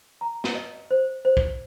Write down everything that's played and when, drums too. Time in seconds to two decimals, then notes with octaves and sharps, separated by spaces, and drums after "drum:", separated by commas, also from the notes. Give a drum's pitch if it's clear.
0.21 A#5
0.44 drum: snare
0.55 D#5
0.91 C5
1.25 C5
1.37 drum: kick